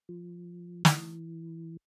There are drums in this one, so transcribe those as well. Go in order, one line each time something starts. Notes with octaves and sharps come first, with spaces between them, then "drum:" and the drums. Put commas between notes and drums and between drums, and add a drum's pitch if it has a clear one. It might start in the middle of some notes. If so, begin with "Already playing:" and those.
F3
E3, drum: snare